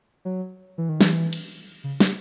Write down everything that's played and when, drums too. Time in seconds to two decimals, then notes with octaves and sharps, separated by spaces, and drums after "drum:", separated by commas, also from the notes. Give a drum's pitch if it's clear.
0.25 F#3
0.78 E3
0.89 D#3
1.01 E3, drum: snare
1.33 drum: cymbal
1.84 C#3
2.00 drum: snare